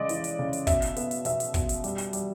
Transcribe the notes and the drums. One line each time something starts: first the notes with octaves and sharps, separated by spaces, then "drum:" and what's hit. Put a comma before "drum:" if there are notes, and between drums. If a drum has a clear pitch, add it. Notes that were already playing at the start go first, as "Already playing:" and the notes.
Already playing: C#3 G#3 D5 D#5
E3, drum: hi-hat
drum: hi-hat
C#3
drum: hi-hat
B2 E5, drum: kick, hi-hat
drum: hi-hat
B3, drum: hi-hat
drum: hi-hat
B2 E5, drum: hi-hat
drum: hi-hat
B2, drum: kick, hi-hat
drum: hi-hat
G3, drum: hi-hat
drum: hi-hat
G3, drum: hi-hat